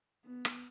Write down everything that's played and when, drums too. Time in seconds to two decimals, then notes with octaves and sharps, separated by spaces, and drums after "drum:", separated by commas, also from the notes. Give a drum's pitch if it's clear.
0.25 B3
0.45 drum: rim click